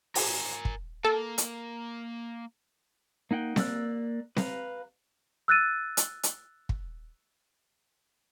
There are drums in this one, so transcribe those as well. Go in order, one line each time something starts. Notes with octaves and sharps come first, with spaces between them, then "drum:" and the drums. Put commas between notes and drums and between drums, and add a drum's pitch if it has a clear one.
A#4 G#5, drum: open hi-hat
drum: kick
A#3 A4
drum: hi-hat
A#3 D#4 F#5 G5
A#3 D5 E6 F#6, drum: snare C4
B4 F5 A#5, drum: snare C4
E6 F#6 A6 D#7
drum: hi-hat
drum: hi-hat
drum: kick